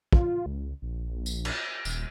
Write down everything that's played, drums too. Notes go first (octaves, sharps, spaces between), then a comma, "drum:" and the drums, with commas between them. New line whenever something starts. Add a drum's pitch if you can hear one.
F4, drum: kick
C#2
A#1
drum: tambourine
drum: cymbal
D#1, drum: tambourine